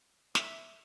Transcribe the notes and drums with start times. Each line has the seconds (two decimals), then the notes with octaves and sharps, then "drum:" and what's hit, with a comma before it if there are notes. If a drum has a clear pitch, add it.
0.35 E5, drum: snare